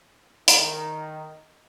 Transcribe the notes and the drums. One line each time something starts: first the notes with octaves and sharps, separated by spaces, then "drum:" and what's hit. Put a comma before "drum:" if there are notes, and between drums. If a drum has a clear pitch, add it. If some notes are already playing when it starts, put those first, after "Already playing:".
D#3, drum: hi-hat